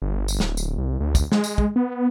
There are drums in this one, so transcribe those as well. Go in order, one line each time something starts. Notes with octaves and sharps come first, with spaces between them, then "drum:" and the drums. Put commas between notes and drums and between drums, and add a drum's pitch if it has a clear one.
G1
drum: tambourine
D1, drum: snare
drum: tambourine
C2
D2
drum: kick, tambourine
G#3, drum: snare
drum: tambourine
drum: kick
B3